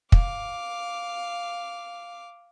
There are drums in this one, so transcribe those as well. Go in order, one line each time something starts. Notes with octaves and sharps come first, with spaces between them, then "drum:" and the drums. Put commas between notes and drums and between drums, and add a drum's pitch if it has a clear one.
F5 D6, drum: kick